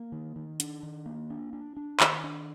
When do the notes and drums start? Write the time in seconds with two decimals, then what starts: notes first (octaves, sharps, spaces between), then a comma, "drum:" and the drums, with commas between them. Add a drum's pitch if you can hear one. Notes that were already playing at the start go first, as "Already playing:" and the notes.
Already playing: A#3
0.12 D#3
0.36 D#3
0.60 D4, drum: hi-hat
0.83 D#3
1.06 A#3
1.30 D4
1.53 D4
1.77 D4
2.00 D#3, drum: clap
2.24 D4